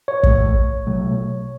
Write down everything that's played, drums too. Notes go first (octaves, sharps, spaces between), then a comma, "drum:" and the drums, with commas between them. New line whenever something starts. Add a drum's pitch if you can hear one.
C#5
A2 E3 A3, drum: kick
B2 F#3 A3